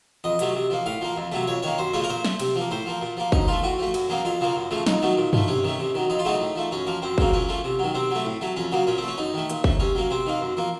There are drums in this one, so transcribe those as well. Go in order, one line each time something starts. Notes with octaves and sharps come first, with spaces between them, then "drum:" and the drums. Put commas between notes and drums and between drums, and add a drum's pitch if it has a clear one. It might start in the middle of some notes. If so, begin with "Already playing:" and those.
F2 D#5
C3 F#3 A3, drum: hi-hat
C3
F3 A#3
A2 F5
F3 A#3
F2
C3 F#3 A3
F2 C#5
D#3 A#3 C#5
F#2 C5
C#3 F3 A3 C#5
A#4
A#2 C5
A3, drum: snare
C3, drum: cymbal
F3 A#3
A2 C5
F3 A#3
A#2
F3 A#3
F#2 D#4, drum: kick
F3 A3 F4
A2 F#4
F3 A3
F#2, drum: cymbal
C#3 F#3 A#3
F2 F4
C#3 F3 A#3
F#2
C#3 F3 A3
F2 D#4, drum: snare
D#3 F#3 A3
A#2
F3 A3, drum: tom G2
C3 C#4
D#3 A3
C3
D#3 F#3
F2 D#4
F4
C#3 F#3 A3 D#4
A2
F3 A3
F#2 C#4
F3 A#3
F#2 C4
C#3 F#3 A#3, drum: kick
A#2 C#4
F3 A3
C3
D#3 F#3
C3 C4
F#3 A3
A2
F#3 A3
F2 C#4
C#3 F#3 A#3
A#2 C#4
A3 C4
C#4
F#2 D#4
D#3 A3
A#2, drum: hi-hat
A3, drum: kick
C3 C#4
F#3 A#3
C3 C4
D#3 A#3
F#2
F3 A#3